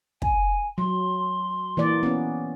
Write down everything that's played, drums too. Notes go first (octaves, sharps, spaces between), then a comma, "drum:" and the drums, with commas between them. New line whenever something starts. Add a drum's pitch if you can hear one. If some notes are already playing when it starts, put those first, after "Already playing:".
G#5, drum: kick
F#3 C6
E3 A#3 D5
B3 C#4